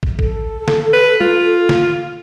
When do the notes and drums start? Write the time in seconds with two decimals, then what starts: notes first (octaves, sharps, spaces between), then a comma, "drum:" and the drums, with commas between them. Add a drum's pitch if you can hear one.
0.03 drum: kick
0.19 A4, drum: kick
0.68 drum: snare
0.93 B4
1.21 F4, drum: tom
1.69 drum: snare